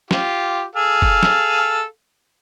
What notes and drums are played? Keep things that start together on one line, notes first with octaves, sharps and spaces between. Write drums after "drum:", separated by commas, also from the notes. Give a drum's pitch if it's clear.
F4 G4, drum: snare
G#4 A4 F5
drum: kick
drum: snare